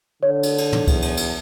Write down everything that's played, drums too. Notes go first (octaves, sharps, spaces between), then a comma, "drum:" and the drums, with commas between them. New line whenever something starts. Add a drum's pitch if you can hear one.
D3 C#5
drum: cymbal
drum: cymbal
drum: tom
E2, drum: kick C2, cymbal
drum: cymbal
drum: cymbal